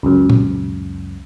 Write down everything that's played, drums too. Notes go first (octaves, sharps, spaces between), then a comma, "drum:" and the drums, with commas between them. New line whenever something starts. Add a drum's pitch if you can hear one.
C#2 F#2
drum: tom A#2